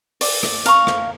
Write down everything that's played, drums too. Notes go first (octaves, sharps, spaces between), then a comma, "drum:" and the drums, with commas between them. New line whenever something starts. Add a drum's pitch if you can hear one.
D5, drum: open hi-hat
drum: rim click
F5 A#5 C#6, drum: hi-hat
drum: rim click